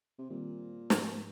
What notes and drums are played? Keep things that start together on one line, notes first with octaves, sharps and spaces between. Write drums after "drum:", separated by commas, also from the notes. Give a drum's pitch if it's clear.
C3
A#2 D#3 G3 C4
G#2 F3 G#3, drum: snare